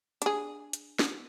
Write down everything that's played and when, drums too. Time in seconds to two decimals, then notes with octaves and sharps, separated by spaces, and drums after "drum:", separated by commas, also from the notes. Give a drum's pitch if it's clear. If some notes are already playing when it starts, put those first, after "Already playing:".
0.22 D4 G#4, drum: hi-hat
0.73 drum: hi-hat
0.99 drum: snare